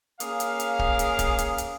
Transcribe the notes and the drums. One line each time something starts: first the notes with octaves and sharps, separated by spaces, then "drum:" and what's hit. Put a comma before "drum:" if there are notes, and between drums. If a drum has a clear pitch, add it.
A#3 C#4 G#4 F5, drum: hi-hat
drum: hi-hat
drum: hi-hat
drum: kick D1
drum: hi-hat
drum: kick D1, hi-hat
drum: hi-hat
drum: hi-hat